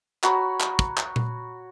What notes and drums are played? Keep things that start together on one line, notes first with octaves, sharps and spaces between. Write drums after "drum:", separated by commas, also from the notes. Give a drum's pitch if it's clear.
F#4 C#5 A#5 B5, drum: clap
drum: clap
drum: kick
drum: clap
drum: tom A#2